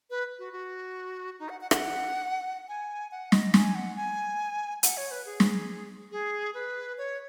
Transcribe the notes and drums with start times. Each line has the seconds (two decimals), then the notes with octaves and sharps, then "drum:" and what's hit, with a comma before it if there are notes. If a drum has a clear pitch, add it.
0.10 B4
0.39 F#4
0.53 F#4
1.39 D#4
1.49 F#5
1.61 F#5
1.71 F#5, drum: rim click
2.68 G#5
3.11 F#5
3.32 D#5, drum: snare
3.54 G#5, drum: snare
3.75 F#5
3.96 G#5
4.83 F#5, drum: hi-hat
4.97 C#5
5.11 B4
5.26 G#4
5.40 drum: snare
6.12 G#4
6.54 B4
6.98 C#5